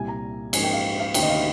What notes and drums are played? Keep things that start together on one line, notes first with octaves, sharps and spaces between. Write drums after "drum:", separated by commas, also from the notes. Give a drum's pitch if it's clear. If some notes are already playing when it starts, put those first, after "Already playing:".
Already playing: C2 A#2 G3 G#5
A#5
G#2 F3 A#3 D#4 G#5, drum: cymbal
G5
F5
F5
D2 C3 D#3 A#3 G5, drum: cymbal
D#5
F5